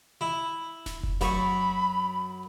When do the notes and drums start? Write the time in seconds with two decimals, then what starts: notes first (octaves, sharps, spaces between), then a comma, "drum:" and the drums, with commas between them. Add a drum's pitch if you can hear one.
0.21 E4
0.86 drum: snare D1
1.04 drum: kick F1
1.21 F#2 B5 C#6, drum: snare D1